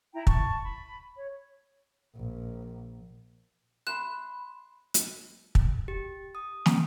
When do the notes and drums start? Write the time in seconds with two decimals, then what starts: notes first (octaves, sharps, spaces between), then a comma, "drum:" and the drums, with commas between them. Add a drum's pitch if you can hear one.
0.13 E4 G5 A#5
0.27 A5 C#6, drum: kick
0.62 B5
1.17 C#5
2.15 A#1
3.87 B5 C6 F#6 E7
4.94 drum: hi-hat
5.55 drum: kick
5.88 G4
6.35 D#6
6.66 drum: snare